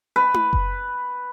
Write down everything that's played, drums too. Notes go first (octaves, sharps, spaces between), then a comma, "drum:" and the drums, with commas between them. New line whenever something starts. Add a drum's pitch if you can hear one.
B4
drum: tom E4
drum: kick F#1